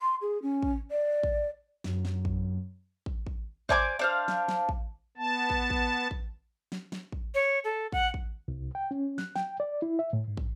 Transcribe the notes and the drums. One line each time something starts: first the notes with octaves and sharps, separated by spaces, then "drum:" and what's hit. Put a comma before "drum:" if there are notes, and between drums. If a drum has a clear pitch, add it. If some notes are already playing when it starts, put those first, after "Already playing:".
C6
G#4
C#4
drum: kick
D5
drum: kick
F#2, drum: snare
drum: snare
drum: kick
drum: kick
drum: kick
C5 D5 G#5 D6, drum: kick
D4 C5 F5
drum: snare
drum: snare
drum: kick
B3 A5
drum: kick
drum: kick
drum: kick
drum: snare
drum: snare
drum: kick
C#5
A4
F#5, drum: kick
drum: kick
C2
G5
C#4
F#6, drum: snare
G5, drum: snare
D5
E4
E5
A2
G#2
drum: kick